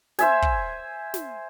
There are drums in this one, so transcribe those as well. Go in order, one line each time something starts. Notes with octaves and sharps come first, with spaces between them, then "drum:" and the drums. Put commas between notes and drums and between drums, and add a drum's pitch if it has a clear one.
C5 E5 G#5, drum: snare
drum: kick
drum: snare